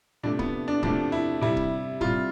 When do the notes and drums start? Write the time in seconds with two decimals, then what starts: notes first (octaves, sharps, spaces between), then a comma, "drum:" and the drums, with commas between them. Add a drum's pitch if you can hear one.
0.23 C3 F3 A3 D4
0.39 B3, drum: kick C#1
0.68 D4
0.83 C3 F3 A3 D4, drum: kick C#1
1.12 E4
1.41 C3 G3 E4
1.57 drum: kick C#1
2.01 C3 G3 F4, drum: kick C#1